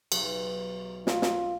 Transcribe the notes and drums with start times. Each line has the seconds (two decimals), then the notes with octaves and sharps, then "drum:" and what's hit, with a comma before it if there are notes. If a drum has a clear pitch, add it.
0.12 B1, drum: cymbal
1.07 F4, drum: snare
1.22 drum: snare